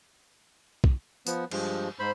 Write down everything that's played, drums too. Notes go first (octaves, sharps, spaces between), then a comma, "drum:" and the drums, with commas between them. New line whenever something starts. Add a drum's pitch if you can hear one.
drum: kick B1
F3 B3, drum: tambourine
G2 F3 G#3, drum: cymbal
G#2 C5 B5